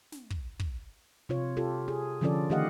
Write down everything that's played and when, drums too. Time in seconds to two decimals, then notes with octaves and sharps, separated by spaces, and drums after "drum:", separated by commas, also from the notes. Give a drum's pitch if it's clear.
0.12 drum: snare
0.30 drum: kick
0.60 drum: kick
1.29 C3 F4 C#5
1.57 F4 G4 A4
1.88 G#4
2.21 D3 F3 C#4 F4 A4 D5
2.50 D#3 A3 G4 D#5 F5 F#5